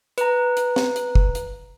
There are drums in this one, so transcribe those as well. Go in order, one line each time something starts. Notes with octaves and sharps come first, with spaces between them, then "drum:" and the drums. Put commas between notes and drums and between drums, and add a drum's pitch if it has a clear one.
B4 A#5, drum: hi-hat
drum: hi-hat
drum: snare
drum: hi-hat
drum: kick
drum: hi-hat